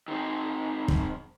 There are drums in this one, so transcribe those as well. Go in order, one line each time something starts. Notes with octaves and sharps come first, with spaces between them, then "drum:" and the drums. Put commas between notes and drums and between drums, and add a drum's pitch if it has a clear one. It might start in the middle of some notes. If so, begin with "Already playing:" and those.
D#3 C4
drum: kick